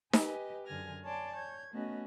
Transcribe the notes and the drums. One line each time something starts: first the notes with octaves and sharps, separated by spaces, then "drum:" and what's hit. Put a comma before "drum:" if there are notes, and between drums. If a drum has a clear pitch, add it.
G4 B4 D#5 G#5, drum: snare D#4
F#2 D3 G#5 F6 A#6
C#5 D5 G#5 A5 C6 D6
C#5 G6 G#6
A3 B3 C#4 F#4 D#5